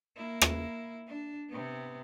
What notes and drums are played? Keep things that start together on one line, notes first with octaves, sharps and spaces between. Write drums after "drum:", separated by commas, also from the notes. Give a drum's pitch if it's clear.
A#3 E4
drum: rim click
D4
C3 B3